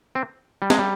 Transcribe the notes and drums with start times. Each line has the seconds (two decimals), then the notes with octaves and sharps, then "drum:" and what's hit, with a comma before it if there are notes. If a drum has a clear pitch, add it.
0.15 C4
0.62 G3
0.70 G#3, drum: snare
0.79 G3